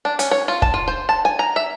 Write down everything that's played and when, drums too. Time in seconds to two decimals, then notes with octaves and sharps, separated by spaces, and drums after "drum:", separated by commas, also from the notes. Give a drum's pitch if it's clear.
0.05 D4
0.19 C#4, drum: hi-hat
0.31 C#5
0.48 F4
0.62 A5, drum: kick
0.74 F4
0.88 C5
1.09 A5
1.25 G#5
1.39 A#5
1.56 E5